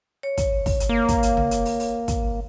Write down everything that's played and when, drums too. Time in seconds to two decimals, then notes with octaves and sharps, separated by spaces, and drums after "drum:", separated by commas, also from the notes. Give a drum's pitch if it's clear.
0.23 C#5
0.38 drum: kick, hi-hat
0.66 drum: kick, open hi-hat
0.80 drum: hi-hat
0.89 A#3
1.09 drum: kick, hi-hat
1.23 drum: hi-hat
1.37 drum: tom
1.51 drum: hi-hat
1.65 drum: open hi-hat
1.80 drum: open hi-hat
2.08 drum: kick, hi-hat